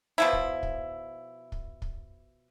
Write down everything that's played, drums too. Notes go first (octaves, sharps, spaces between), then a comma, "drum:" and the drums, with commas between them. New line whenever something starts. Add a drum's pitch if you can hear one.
B2 F3 E4
drum: kick
drum: kick
drum: kick
drum: kick